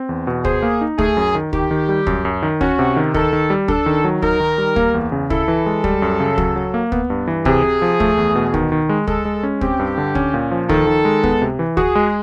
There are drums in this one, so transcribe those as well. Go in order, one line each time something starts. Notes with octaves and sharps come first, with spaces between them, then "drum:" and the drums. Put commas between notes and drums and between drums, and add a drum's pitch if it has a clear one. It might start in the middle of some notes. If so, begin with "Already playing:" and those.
Already playing: C4
E2
B2
G#4 C5, drum: kick
A#3
D#4
A3 G#4, drum: kick
F#2
D#3
D#3 G4, drum: kick
D#3
G3
F#2, drum: kick
F#2
D#3
C#4 F#4, drum: kick
C3
D#3
D#3 A4, drum: kick
D#3
G3
D4 A4, drum: kick
D#3
F#3
D#4 A#4, drum: kick
D#3
G3
A#3, drum: kick
E2
C#3
E4 A4, drum: kick
E3
G#3
G3, drum: kick
F#2
C#3
F#3, drum: kick
F#3
A#3
B3, drum: kick
G2
E3
C3 G#4, drum: kick
C3
F3
A3, drum: kick
E2
B2
D#3, drum: kick
D#3
G#3
G#3 A4, drum: kick
G#3
C#4
C4 G4, drum: kick
G2
D3
C#4, drum: kick
A#2
F3
D#3 A4, drum: kick
D#3
G#3
B3, drum: kick
C3
E3
F#4 G#4, drum: kick
G#3